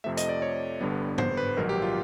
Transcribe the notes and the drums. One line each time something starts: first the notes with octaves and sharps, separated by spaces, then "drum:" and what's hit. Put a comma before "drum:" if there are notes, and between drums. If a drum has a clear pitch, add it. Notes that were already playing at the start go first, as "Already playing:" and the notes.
F2 C3 F3 A3 E5
D#5, drum: hi-hat
D5
C#5
G1 G2 D3 G3 B3
C5, drum: tom
B4
A#1 G#2 D#3 F#3 A#4
G4
F4